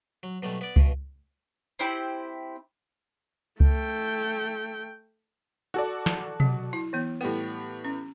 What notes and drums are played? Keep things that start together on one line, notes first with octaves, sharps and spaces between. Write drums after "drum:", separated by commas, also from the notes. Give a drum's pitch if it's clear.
F#3
B2 F#3 G3 A3
B3 D5
G2 B2, drum: kick C#2
C4 E4 G4 C5
A3 G5, drum: kick C#2
F#4 A4 D5
drum: snare
F#3, drum: tom B2
E4
E3 B3
A2 G3 B3 G5
C#4